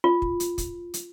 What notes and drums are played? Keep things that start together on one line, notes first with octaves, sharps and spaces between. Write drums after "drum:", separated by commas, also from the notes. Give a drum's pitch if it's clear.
F4
drum: kick
drum: hi-hat
drum: kick, hi-hat
drum: hi-hat